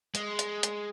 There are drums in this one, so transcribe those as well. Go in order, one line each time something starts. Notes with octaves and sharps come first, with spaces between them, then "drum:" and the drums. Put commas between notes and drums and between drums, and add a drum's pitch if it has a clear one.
G#3, drum: hi-hat
drum: hi-hat
drum: hi-hat